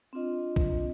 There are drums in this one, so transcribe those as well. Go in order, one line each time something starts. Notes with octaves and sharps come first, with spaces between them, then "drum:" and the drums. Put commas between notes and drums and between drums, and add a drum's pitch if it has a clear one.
C4 D4 F4 D#5
drum: kick B1